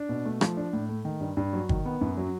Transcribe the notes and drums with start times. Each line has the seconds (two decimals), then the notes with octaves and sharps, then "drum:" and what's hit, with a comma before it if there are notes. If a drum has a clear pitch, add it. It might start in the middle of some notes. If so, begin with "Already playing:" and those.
Already playing: D4
0.09 B2
0.25 A3
0.41 F3, drum: rim click
0.57 D4
0.73 A2
0.89 A3
1.05 D#3
1.21 G2
1.37 G2
1.53 F#3
1.69 D#3, drum: kick G1
1.85 B3
2.01 F#2
2.17 F#3